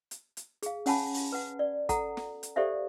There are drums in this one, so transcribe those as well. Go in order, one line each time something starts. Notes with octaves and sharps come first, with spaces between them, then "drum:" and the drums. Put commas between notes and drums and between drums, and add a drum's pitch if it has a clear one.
drum: hi-hat
drum: hi-hat
G#4 F5, drum: hi-hat
C#4 C#5 F#5 G#5 A5 B5, drum: open hi-hat
drum: open hi-hat
B4 F#5
D5
A4 F#5 A#5, drum: kick, hi-hat
drum: snare
drum: hi-hat
G4 A4 C5 D5 E5 F5